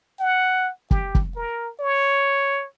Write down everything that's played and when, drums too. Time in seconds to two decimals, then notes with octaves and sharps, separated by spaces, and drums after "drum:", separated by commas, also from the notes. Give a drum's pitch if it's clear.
0.20 F#5
0.91 G4, drum: kick
1.15 drum: kick
1.36 A#4
1.80 C#5